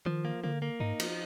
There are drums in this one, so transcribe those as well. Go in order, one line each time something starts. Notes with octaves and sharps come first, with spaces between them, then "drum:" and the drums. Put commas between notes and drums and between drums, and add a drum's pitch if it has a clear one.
D#3 F3
A#3
D3 A#3
A#3
G#2 D#4
F3, drum: cymbal